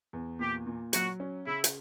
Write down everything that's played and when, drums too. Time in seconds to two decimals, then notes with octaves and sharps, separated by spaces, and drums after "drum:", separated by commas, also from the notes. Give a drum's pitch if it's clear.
0.13 E2
0.39 A#2 G4
0.66 A#2
0.93 F#3 F#4, drum: hi-hat
1.20 C#4
1.46 C#3 E4
1.64 drum: hi-hat